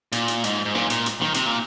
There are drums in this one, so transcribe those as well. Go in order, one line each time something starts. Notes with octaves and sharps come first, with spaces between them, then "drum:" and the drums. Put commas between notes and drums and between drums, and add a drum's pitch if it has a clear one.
A#2, drum: hi-hat
drum: hi-hat
G#2, drum: hi-hat
G#2
A#2, drum: snare
A#2, drum: hi-hat
drum: hi-hat
D#3, drum: snare
C3, drum: hi-hat
A#2